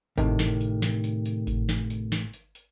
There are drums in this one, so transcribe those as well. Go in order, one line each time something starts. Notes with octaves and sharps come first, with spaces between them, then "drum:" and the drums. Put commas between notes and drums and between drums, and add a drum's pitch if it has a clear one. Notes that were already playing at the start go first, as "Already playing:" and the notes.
A2 C3 D#3, drum: kick G#1, hi-hat
drum: snare
drum: hi-hat
drum: snare
drum: hi-hat
drum: hi-hat
drum: kick G#1, hi-hat
drum: snare
drum: hi-hat
drum: snare
drum: hi-hat
drum: hi-hat